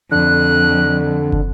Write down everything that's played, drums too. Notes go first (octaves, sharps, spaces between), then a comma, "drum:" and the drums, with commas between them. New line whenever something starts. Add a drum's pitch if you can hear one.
F2 D3 F#6
drum: kick